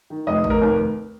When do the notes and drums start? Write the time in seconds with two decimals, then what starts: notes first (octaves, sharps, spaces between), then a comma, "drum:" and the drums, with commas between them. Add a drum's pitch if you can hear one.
0.10 D#3
0.27 F1 D#5
0.44 F1, drum: kick
0.50 A#4
0.61 D#2